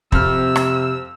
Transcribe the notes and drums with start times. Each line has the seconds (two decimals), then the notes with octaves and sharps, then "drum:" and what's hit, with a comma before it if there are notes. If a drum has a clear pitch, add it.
0.12 F2 C3 E6 F6, drum: kick
0.56 drum: rim click